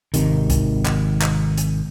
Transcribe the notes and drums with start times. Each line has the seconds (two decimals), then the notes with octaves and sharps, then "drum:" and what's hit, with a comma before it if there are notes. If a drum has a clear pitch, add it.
0.14 G#1 C3 D#3, drum: hi-hat
0.50 drum: kick C2, hi-hat
0.86 drum: clap
1.22 drum: clap
1.57 drum: hi-hat